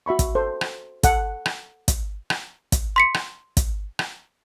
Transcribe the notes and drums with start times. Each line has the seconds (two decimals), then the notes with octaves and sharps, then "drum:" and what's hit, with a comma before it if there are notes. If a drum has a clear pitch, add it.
0.06 F#4 E5 B5 C#6
0.19 drum: kick, hi-hat
0.35 A4 C5
0.61 drum: rim click
1.03 A4 F#5, drum: kick, hi-hat
1.46 drum: rim click
1.88 drum: kick, hi-hat
2.30 drum: rim click
2.72 drum: kick, hi-hat
2.96 C6 B6 C#7
3.14 drum: rim click
3.57 drum: kick, hi-hat
3.99 drum: rim click